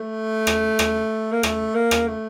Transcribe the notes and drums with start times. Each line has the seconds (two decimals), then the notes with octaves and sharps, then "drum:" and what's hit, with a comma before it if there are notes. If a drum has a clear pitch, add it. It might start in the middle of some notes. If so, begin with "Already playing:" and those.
Already playing: A3
0.47 drum: rim click
0.79 drum: rim click
1.32 A#3
1.43 A3, drum: rim click
1.75 A#3
1.91 drum: rim click
2.08 A3